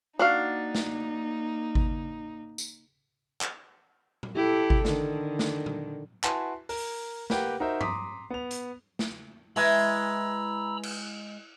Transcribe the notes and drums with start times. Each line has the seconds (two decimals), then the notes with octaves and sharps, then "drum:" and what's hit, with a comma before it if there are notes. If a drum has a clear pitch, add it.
0.19 A#3 D4 D#4 F#4 F5
0.75 drum: snare
1.75 drum: kick G#1
2.58 drum: tambourine
3.41 drum: clap
4.23 drum: tom A#2
4.35 E4 G4 A4
4.70 drum: kick G#1
4.85 D3 D#3, drum: snare
5.39 drum: snare
5.66 drum: tom A#2
6.24 E4 F#4 B4 G#5 A5 C6, drum: clap
6.69 A#4, drum: open hi-hat
7.30 A#3 G4 B4 F#5 G5, drum: snare
7.60 D#4 F#4 A#4 C5 E5
7.81 A#5 C6 D6 D#6 B6, drum: tom G2
8.30 B3 F7
8.51 drum: hi-hat
8.99 drum: snare
9.56 E3 G#3 A#5 B5 E6, drum: open hi-hat
10.83 drum: cymbal